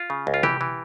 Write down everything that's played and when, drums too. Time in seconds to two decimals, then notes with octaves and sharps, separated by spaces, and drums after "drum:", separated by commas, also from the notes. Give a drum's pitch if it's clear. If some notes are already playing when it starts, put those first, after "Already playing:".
Already playing: F4
0.10 C#3
0.27 C#2
0.34 F4
0.43 E3 G4, drum: tom C3
0.61 E3